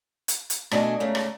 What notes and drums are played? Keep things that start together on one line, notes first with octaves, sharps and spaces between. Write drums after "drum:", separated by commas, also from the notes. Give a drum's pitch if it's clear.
drum: hi-hat
drum: hi-hat
B2 A3 D4 A4 D#5 G#5, drum: rim click
G#2 C#3 A3
drum: rim click